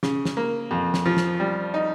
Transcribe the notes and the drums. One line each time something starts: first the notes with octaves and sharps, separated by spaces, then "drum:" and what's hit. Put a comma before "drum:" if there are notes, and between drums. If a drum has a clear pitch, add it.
C#3, drum: snare
drum: snare
A#3
F2
drum: snare
F3
drum: snare
G3
D#4